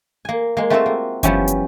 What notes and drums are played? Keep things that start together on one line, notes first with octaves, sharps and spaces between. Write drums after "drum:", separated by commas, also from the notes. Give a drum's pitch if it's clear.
A#3 G#5
G#3 A#3
A3 C4 F4 F#4 A4 E5
A#3
F3 G3 B3 C#4 E4, drum: kick F#1, hi-hat
drum: hi-hat